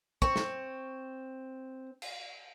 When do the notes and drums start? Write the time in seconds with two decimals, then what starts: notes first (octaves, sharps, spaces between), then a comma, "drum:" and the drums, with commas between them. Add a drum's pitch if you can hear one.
0.22 C4 C#6, drum: kick
0.36 drum: snare
2.02 drum: cymbal